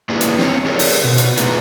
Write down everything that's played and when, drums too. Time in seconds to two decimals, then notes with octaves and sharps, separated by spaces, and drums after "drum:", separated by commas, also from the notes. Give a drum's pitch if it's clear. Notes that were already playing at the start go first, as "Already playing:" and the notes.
0.09 A#3 D4 E4 G4 G#4 B4
0.21 drum: hi-hat
0.39 C4 D#4 C#5, drum: snare
0.66 G4 G#4 A#4 C#5 D5
0.79 drum: open hi-hat
1.04 B2
1.18 drum: hi-hat
1.37 A3 D4 D#4 F4 G#4 B4, drum: hi-hat